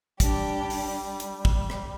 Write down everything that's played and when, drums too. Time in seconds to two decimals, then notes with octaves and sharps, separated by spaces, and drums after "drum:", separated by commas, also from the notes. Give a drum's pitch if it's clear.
0.20 G3 D4 G4, drum: kick, hi-hat
0.70 drum: open hi-hat
1.20 drum: hi-hat
1.45 drum: kick
1.70 drum: rim click